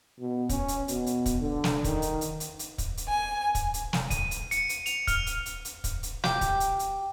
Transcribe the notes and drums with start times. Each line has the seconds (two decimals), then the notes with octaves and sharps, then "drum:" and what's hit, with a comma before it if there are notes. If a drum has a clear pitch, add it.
0.19 B2
0.49 C#4, drum: kick, hi-hat
0.68 drum: hi-hat
0.88 B2, drum: hi-hat
1.06 drum: hi-hat
1.26 drum: kick, hi-hat
1.41 D3
1.64 drum: snare
1.84 D#3, drum: kick, hi-hat
2.02 drum: hi-hat
2.21 drum: hi-hat
2.40 drum: hi-hat
2.59 drum: hi-hat
2.78 drum: kick, hi-hat
2.97 drum: hi-hat
3.09 G#5
3.55 drum: kick, hi-hat
3.74 drum: hi-hat
3.93 drum: snare
4.10 D#7, drum: kick, hi-hat
4.31 drum: hi-hat
4.51 C#7, drum: hi-hat
4.69 drum: hi-hat
4.86 F7, drum: hi-hat
5.07 F6, drum: kick, hi-hat
5.27 drum: hi-hat
5.46 drum: hi-hat
5.65 drum: hi-hat
5.84 drum: kick, hi-hat
6.03 drum: hi-hat
6.24 G4, drum: snare
6.41 drum: kick, hi-hat
6.60 drum: hi-hat
6.79 drum: hi-hat